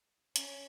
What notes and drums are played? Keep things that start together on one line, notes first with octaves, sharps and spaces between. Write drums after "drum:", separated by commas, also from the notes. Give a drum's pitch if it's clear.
C#4, drum: hi-hat